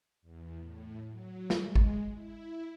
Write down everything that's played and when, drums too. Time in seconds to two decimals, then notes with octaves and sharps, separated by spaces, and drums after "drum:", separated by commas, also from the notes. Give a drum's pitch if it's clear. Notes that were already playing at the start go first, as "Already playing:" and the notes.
0.22 E2
0.59 A2
1.09 F#3
1.50 G#3, drum: snare
1.75 drum: kick G#1
2.14 E4